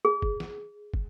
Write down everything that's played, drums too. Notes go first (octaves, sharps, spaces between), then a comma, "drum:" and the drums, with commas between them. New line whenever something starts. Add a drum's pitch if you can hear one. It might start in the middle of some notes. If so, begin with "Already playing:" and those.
G#4
drum: kick
drum: snare
drum: kick